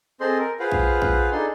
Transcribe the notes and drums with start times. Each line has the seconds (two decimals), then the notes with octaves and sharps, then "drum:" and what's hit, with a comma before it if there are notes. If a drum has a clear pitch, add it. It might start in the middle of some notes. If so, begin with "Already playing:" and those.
0.20 C4 G#4 A4 C5 D#5 C6
0.38 A#4
0.60 F4 G#4 B4 C5 F5 F#5
0.72 drum: kick A#1
1.02 drum: kick A#1
1.32 D4 D#4 G#4 A4 C6